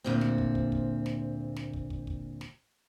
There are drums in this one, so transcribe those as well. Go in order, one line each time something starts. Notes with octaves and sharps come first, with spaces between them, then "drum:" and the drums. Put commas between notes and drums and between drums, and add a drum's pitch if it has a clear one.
D2 A#2 C4
drum: snare
drum: kick
drum: kick
drum: kick
drum: snare
drum: snare
drum: kick
drum: kick
drum: kick
drum: snare